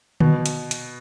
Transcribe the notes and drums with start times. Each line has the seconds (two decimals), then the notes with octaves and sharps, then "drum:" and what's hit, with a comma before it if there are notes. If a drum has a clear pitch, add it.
0.20 B2, drum: tom D3
0.46 drum: hi-hat
0.71 drum: hi-hat